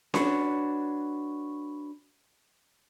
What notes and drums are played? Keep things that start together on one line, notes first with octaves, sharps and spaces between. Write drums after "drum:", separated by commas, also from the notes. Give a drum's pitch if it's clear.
D4 F#4 B4 C#5, drum: snare C#4